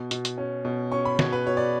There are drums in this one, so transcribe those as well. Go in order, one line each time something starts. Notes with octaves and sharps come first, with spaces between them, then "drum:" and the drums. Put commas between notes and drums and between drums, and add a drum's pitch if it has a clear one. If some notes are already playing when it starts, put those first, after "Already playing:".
Already playing: B2
B2, drum: hi-hat
drum: hi-hat
C#4
B2
C#4 C#6
B5
B2 C#5, drum: snare
B4
B2 C#5
D5